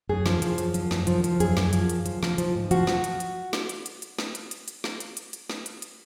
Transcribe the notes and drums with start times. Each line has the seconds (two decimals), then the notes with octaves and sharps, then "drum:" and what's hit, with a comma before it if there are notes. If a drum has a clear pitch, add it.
0.09 F#2 G#4
0.26 F3, drum: snare
0.42 F3, drum: hi-hat
0.58 F#2, drum: hi-hat
0.74 F3, drum: hi-hat
0.91 F#2, drum: snare
1.07 F3, drum: hi-hat
1.24 F3, drum: hi-hat
1.40 F#2 G#4, drum: hi-hat
1.57 F#2, drum: snare
1.73 F3, drum: hi-hat
1.89 F#2, drum: hi-hat
2.06 F3, drum: hi-hat
2.23 F3, drum: snare
2.38 F3, drum: hi-hat
2.55 G#2
2.71 F3 F#4, drum: hi-hat
2.87 F3, drum: snare
3.04 drum: hi-hat
3.20 drum: hi-hat
3.53 drum: snare
3.69 drum: hi-hat
3.86 drum: hi-hat
4.02 drum: hi-hat
4.19 drum: snare
4.35 drum: hi-hat
4.51 drum: hi-hat
4.68 drum: hi-hat
4.84 drum: snare
5.00 drum: hi-hat
5.17 drum: hi-hat
5.33 drum: hi-hat
5.50 drum: snare
5.66 drum: hi-hat
5.82 drum: hi-hat